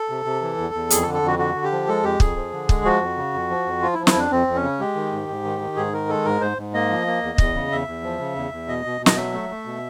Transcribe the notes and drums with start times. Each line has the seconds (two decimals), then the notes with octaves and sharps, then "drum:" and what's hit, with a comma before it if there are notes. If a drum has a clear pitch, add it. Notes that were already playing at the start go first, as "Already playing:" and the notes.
Already playing: A4
0.09 C3
0.26 C3
0.42 E3
0.58 E2
0.74 E2
0.90 F2 G#4, drum: hi-hat
1.02 A4
1.06 D3
1.14 A4
1.22 F2
1.27 F#4
1.39 D3 F#4
1.55 D3
1.64 G4
1.72 F3
1.88 G#3 A4
2.03 F2 G4
2.20 F2 G#4, drum: kick
2.36 F3
2.53 D3
2.69 G#3, drum: kick
2.85 F3 F#4
3.01 F2
3.17 C#3
3.34 F2
3.50 F3
3.66 F2
3.82 F3 F4
3.94 E4
3.99 F3
4.07 E4, drum: snare
4.15 F2 D4
4.31 F2 C4
4.47 F2
4.55 C#4
4.63 C#3
4.80 G#3 G4
4.95 D#3
5.12 G#2
5.29 G#2
5.44 D#3
5.61 D#3
5.76 G#2 G#4
5.93 D#3 A#4
6.09 G#3 A4
6.25 G#2 A#4
6.41 G#2 C5
6.57 G#2
6.74 A#3 D#5
6.90 F3
7.07 A#3
7.23 E2
7.38 E2, drum: kick
7.55 C#3
7.71 E2 E5
7.87 E2
8.04 F3
8.20 C#3
8.36 E2
8.52 E2
8.68 B2 D#5
8.85 B2
9.01 B2
9.06 D#5, drum: snare
9.17 F#3 E5
9.33 A3
9.50 A3
9.65 B2